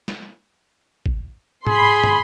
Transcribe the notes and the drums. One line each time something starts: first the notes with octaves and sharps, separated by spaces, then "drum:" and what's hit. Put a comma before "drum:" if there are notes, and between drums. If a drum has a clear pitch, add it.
drum: snare
drum: kick
G#4 B5 C6, drum: tom G#2
drum: tom